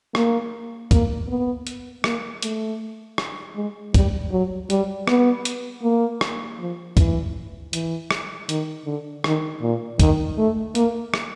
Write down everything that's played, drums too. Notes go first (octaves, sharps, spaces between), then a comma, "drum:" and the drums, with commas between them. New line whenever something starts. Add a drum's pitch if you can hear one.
A#3, drum: rim click
A#3, drum: kick, hi-hat
B3
drum: hi-hat
A#3, drum: rim click
A3, drum: hi-hat
drum: rim click
G#3
G3, drum: kick, hi-hat
F#3
G3, drum: hi-hat
B3, drum: rim click
drum: hi-hat
A#3
drum: rim click
F3
E3, drum: kick, hi-hat
E3, drum: hi-hat
drum: rim click
D#3, drum: hi-hat
D3
D#3, drum: rim click
A#2
D#3, drum: kick, hi-hat
A3
A#3, drum: hi-hat
drum: rim click